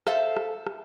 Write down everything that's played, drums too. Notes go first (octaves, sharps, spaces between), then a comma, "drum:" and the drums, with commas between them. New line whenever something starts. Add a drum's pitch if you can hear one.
A4 C5 E5 F5 A5, drum: rim click
drum: rim click
drum: rim click